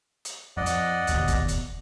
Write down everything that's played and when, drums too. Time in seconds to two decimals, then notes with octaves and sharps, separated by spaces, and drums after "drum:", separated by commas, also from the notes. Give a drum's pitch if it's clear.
0.25 drum: hi-hat
0.57 F2 D5 D#5 F#5
0.66 drum: hi-hat
1.07 D1 D#2 B2, drum: hi-hat
1.28 drum: kick, hi-hat
1.48 drum: hi-hat